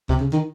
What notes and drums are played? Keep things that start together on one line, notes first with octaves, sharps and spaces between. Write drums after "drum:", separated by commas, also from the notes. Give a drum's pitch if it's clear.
C3, drum: kick
C#3
D#3